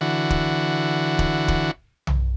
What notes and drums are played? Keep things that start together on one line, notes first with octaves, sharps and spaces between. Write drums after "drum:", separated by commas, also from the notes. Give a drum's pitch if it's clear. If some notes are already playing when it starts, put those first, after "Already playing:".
D3 E3 F#4
drum: kick
drum: kick
drum: kick
drum: tom B1